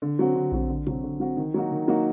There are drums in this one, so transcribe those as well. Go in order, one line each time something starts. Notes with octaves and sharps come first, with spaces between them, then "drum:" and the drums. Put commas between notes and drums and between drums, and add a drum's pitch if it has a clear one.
D3
F#3 C4 F#4
D3
F#3 C4 F#4, drum: kick A#1
D3
F#3 C4 F#4, drum: tom B2
D3
F#3 C4 F#4
D#3
F#3 A#3 D#4 F#4
D#3
F#3 A#3 D#4 F#4